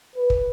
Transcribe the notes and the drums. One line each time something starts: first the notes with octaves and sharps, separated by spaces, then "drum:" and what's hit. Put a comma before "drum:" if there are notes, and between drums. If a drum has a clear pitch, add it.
B4
drum: kick